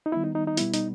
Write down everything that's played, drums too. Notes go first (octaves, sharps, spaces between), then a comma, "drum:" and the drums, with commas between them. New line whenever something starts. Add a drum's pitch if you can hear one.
D#4
D#3 G3 B3 E4
D#4
D#4
D#4
B2 G3 B3 E4, drum: hi-hat
D#4, drum: hi-hat